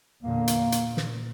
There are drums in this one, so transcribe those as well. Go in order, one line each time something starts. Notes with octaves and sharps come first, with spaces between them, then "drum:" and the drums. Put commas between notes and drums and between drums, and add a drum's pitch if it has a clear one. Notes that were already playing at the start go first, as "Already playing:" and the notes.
E2 A#2 D3 A#3
drum: hi-hat
A#2
drum: hi-hat
drum: snare